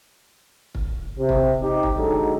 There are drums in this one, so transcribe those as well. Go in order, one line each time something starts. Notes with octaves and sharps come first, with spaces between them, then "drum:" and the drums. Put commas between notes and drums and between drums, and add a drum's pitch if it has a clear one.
drum: kick
C3
drum: kick
D#4 G4
drum: kick
D3 F#3 G#3 D#4 A4